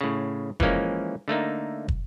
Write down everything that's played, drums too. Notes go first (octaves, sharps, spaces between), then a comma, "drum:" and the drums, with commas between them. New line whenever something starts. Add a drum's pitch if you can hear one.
A2 C#3
E3 F3 G#3 A#3 C#4, drum: kick
D3 A3 A#3 D#4
drum: kick